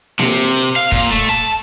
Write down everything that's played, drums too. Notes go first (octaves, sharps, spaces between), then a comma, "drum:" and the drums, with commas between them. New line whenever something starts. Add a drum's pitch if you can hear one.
C3, drum: snare A#3
F5
A#2, drum: kick
A3
A5